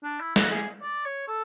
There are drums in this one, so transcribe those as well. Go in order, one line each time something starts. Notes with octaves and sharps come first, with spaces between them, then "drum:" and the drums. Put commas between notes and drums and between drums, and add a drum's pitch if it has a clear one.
D4
E4
F#4, drum: snare
G#4
D5
C#5
A4